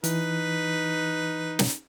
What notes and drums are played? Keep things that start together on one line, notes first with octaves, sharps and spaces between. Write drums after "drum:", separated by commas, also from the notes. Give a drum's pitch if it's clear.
E3 D#4 B4, drum: hi-hat
drum: snare